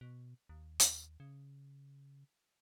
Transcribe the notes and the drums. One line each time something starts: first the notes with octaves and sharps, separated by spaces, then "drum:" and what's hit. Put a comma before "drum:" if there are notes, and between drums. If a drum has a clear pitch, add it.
B2
D#2
drum: hi-hat
C#3